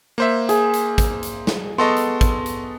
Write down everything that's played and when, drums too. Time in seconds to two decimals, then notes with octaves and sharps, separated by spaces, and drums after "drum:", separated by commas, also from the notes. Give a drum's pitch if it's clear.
0.18 A#3 C5 E5
0.49 G#4, drum: hi-hat
0.73 drum: hi-hat
0.98 drum: kick, hi-hat
1.23 drum: hi-hat
1.47 drum: snare
1.78 B3 A4 D#5 C6 C#6
1.96 drum: hi-hat
2.21 drum: kick, hi-hat
2.46 drum: hi-hat